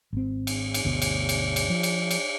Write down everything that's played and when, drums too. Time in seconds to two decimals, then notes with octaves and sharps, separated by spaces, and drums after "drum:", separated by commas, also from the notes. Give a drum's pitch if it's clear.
0.13 G#1 C4
0.47 drum: cymbal
0.74 drum: cymbal
0.85 G1 D2 B2
1.02 drum: cymbal
1.29 drum: cymbal
1.56 drum: cymbal
1.70 F3
1.83 drum: cymbal
2.11 drum: cymbal